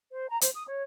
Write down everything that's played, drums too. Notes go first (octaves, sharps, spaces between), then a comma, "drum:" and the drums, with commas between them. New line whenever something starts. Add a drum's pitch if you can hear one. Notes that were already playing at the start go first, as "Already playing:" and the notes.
C5
A#5
C5, drum: hi-hat
D#6
C#5